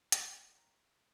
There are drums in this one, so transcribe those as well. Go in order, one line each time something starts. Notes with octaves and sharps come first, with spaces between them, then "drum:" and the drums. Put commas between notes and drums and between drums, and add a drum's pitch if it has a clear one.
A#2 G#3 C#5 F5, drum: hi-hat
E5 G5
G5 A#5